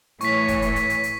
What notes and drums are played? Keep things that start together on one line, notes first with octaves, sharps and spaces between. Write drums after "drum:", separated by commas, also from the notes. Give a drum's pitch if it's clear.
A2 E3 C#5 C#6 B6, drum: hi-hat
drum: kick, hi-hat
drum: hi-hat
drum: hi-hat
drum: hi-hat
drum: hi-hat